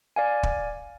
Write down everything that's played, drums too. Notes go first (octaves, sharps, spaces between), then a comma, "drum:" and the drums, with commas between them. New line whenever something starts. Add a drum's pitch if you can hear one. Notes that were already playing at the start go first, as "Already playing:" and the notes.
D5 F5 G#5
drum: kick